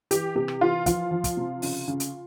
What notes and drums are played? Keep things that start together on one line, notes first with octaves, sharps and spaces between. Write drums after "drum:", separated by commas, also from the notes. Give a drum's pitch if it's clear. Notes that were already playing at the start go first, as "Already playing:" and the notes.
E3 G4, drum: hi-hat
C3 G4
drum: rim click
E3 F4
F3 F4, drum: kick, hi-hat
F3
drum: kick, hi-hat
C3
C#3, drum: open hi-hat
C#3
drum: hi-hat